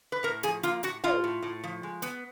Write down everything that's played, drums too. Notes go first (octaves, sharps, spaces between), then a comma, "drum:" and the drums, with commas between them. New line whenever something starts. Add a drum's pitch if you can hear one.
B4
A2 A#4
F3 G#4, drum: hi-hat
A#3 F4, drum: hi-hat
A2 F#4, drum: hi-hat
A2 F4, drum: tom
A2
A2
F3
G#3
B3, drum: hi-hat